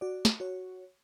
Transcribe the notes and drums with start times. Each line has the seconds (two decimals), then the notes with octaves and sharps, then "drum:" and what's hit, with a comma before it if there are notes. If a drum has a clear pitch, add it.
0.01 F#4 D5
0.25 drum: snare
0.40 F#4 C#5